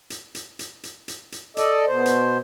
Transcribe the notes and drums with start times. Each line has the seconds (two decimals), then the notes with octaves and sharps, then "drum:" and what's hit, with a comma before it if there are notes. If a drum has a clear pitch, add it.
0.10 drum: hi-hat
0.35 drum: hi-hat
0.59 drum: hi-hat
0.83 drum: hi-hat
1.08 drum: hi-hat
1.32 drum: hi-hat
1.57 A4 D5 D#5, drum: hi-hat
1.87 B2 C5
2.06 drum: hi-hat